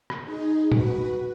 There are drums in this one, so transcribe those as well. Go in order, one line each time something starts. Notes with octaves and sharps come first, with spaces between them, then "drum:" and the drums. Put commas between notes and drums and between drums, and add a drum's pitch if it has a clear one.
drum: rim click
D#4 G#4
F#4 B4, drum: tom